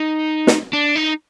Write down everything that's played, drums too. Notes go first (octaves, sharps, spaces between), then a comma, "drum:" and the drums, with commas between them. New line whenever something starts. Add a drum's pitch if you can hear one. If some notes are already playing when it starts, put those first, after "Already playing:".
Already playing: D#4
drum: snare
D4
D#4